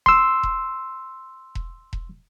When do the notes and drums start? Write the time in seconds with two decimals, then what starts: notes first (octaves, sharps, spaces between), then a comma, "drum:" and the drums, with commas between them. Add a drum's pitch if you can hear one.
0.06 C6 E6, drum: kick E1
0.43 drum: kick E1
1.55 drum: kick E1
1.93 drum: kick E1